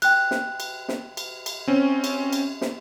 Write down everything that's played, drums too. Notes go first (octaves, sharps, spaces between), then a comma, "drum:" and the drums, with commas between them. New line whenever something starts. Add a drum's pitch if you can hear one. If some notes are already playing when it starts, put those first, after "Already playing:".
G5 F#6, drum: cymbal
drum: snare
drum: cymbal
drum: snare
drum: cymbal
drum: cymbal
C4 C#4
drum: cymbal
drum: cymbal
drum: snare